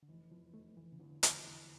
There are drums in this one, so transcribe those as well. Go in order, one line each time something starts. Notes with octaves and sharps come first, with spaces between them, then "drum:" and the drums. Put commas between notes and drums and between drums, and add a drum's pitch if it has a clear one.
D3
F1 E3
E2 F3
F1 A3
F1 E3
C#3
E2 D3
F1, drum: hi-hat
E2